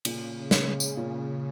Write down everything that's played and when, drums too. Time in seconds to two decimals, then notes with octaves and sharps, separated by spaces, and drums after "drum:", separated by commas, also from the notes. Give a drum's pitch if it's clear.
0.05 A#2 C#3, drum: cymbal
0.51 G#3 C#4, drum: snare
0.80 drum: tambourine
0.97 A#2